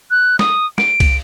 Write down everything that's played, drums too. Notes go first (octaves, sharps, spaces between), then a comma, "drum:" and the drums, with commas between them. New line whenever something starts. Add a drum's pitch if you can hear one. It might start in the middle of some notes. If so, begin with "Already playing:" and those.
F#6
D#6, drum: snare
D7, drum: snare
drum: kick C#2, cymbal